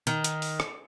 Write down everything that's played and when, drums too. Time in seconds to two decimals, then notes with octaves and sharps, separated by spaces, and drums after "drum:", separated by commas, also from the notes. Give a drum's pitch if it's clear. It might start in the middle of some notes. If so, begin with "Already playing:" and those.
0.07 D#3, drum: hi-hat
0.24 drum: hi-hat
0.42 drum: open hi-hat
0.60 drum: rim click